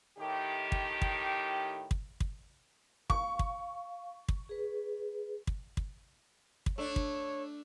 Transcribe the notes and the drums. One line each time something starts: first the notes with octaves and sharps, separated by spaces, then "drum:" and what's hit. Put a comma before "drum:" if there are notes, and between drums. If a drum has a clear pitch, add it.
A2 D#3 G4
drum: kick
drum: kick
drum: kick
drum: kick
F5 C#6, drum: kick
drum: kick
drum: kick
G#4 B4
drum: kick
drum: kick
drum: kick
A3 D4 C#5
drum: kick